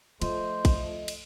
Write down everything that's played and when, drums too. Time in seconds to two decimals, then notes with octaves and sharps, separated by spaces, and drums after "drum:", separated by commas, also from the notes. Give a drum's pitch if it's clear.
0.22 F3 A3 F4 C5 D#5, drum: cymbal
0.65 drum: kick, cymbal
1.08 drum: cymbal